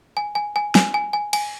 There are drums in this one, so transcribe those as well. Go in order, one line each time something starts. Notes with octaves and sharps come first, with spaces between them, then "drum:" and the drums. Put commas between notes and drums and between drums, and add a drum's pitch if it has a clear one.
G#5
G#5
G#5
G#5, drum: snare
G#5
G#5
G#5, drum: cymbal